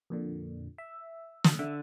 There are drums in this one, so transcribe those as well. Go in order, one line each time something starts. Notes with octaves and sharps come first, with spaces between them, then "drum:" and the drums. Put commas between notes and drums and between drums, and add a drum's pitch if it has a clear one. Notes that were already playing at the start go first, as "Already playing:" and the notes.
F2 A#2 D3
E5
drum: snare
D3 E5